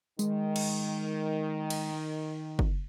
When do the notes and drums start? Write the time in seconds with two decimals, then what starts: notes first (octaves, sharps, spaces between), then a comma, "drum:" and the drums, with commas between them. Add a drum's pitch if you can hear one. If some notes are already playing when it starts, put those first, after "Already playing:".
0.19 D#3 G#3, drum: tambourine
0.56 drum: cymbal
1.70 drum: cymbal
2.59 drum: kick F#1